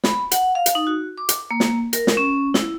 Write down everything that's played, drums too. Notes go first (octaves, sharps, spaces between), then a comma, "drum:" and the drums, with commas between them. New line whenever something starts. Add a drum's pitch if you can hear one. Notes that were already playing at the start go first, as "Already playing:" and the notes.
B5, drum: snare
F#5, drum: hi-hat
F5
drum: hi-hat
D#4
F#4
D6
drum: hi-hat
A#3
drum: snare
A#4, drum: hi-hat
drum: snare
C#4
E4, drum: snare